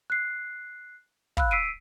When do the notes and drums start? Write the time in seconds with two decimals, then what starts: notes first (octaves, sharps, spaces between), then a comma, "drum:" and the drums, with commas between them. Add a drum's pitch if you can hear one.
0.10 F#6 C7
1.37 F5 B5 E6 F#6, drum: kick
1.51 E6 B6 C7 D7 D#7